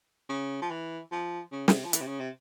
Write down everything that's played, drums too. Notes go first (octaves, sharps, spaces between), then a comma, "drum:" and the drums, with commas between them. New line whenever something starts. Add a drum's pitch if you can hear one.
C#3
F3
E3
F3
C#3
C#3, drum: snare
C3
F3
E3, drum: hi-hat
C3
C#3
C3